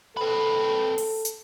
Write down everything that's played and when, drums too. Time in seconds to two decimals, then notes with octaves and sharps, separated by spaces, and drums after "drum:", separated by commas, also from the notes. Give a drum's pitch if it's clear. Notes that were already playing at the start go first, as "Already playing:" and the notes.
0.17 C4 A4 B4
0.98 drum: open hi-hat
1.25 drum: hi-hat